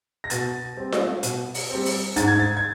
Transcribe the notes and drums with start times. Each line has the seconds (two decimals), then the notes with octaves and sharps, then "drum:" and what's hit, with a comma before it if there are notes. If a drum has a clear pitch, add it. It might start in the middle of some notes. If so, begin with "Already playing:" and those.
0.24 A#6
0.30 B2 A6, drum: hi-hat
0.77 G3 C4
0.92 drum: snare F4
1.23 B2, drum: hi-hat
1.54 drum: open hi-hat
1.70 C4
1.75 G3
1.85 drum: open hi-hat
2.16 G#2 A6, drum: hi-hat
2.28 G#6
2.39 A6
2.57 G#6